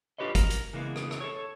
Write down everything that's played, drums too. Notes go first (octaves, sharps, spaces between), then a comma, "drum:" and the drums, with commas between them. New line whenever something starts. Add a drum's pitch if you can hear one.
D4 F4 G4 B4 C#5 D#5
A#4, drum: kick G1, hi-hat
drum: hi-hat
C#3 E3 G#3 A#3 B3
drum: rim click
drum: rim click
A4 C#5